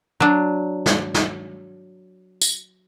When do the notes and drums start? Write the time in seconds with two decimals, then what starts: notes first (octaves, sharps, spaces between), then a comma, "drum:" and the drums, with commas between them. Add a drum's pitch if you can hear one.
0.20 F#3 D4
0.86 drum: snare
1.14 drum: snare
2.41 drum: tambourine